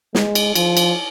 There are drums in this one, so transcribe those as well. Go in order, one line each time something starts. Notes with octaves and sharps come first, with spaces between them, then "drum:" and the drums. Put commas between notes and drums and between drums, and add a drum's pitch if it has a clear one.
G#3, drum: snare
drum: cymbal
F3, drum: cymbal
drum: cymbal